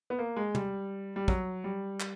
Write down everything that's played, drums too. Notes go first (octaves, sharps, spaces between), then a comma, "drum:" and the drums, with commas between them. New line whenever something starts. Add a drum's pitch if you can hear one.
B3
A#3
G#3
G3, drum: tom
G3
F#3, drum: kick
G3
drum: clap